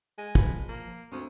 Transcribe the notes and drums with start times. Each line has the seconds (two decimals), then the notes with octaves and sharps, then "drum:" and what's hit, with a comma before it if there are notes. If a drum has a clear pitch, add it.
0.18 G#3
0.35 F3 B4, drum: kick
0.69 A#3
1.12 D2 C4